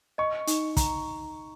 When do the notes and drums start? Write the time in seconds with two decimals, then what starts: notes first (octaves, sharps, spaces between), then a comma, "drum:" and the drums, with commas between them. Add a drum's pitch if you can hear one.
0.18 D#5 C#6
0.47 D#4, drum: hi-hat
0.77 A#5, drum: kick, hi-hat